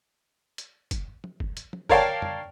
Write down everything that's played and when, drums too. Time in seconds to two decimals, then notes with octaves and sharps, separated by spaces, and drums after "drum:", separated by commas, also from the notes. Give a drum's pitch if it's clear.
0.58 drum: hi-hat
0.91 drum: kick, hi-hat
1.24 drum: tom
1.40 drum: kick
1.57 drum: hi-hat
1.73 drum: tom
1.89 A#4 C#5 D5 F5 G5 A5, drum: kick
2.22 drum: tom